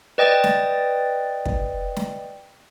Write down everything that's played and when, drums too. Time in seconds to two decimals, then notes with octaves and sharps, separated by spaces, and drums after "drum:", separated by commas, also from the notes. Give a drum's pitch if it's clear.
0.18 B4 D5 D#5 G5 D#6 A6
0.44 drum: snare
1.46 drum: kick
1.96 drum: snare